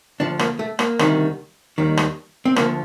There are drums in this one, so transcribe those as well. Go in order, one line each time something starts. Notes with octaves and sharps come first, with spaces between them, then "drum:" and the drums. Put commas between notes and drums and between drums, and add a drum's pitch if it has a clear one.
D2 D3 F3 D4
A#3, drum: rim click
A3
A#3, drum: rim click
D2 C3 D#3 G3, drum: rim click
D#2 D#3 G3
drum: rim click
C4
D2 D3 F3 A#3, drum: rim click